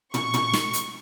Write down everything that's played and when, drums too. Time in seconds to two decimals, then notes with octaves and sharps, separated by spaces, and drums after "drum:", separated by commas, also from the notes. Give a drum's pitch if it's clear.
0.14 C#6, drum: tom
0.34 drum: tom
0.53 drum: snare
0.73 drum: hi-hat